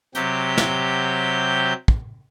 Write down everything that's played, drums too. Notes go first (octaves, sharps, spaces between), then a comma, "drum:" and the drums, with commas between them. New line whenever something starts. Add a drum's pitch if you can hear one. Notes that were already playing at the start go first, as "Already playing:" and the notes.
C3 F#3 G4 G6, drum: hi-hat
drum: snare
drum: kick